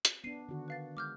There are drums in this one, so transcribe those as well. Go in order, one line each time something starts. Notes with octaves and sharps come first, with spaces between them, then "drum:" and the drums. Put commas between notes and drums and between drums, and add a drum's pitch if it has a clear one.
drum: hi-hat
B3 D4 C7 D#7
D3 D#3 F#4
B4 F5 A6
G#3 D6 F6 G6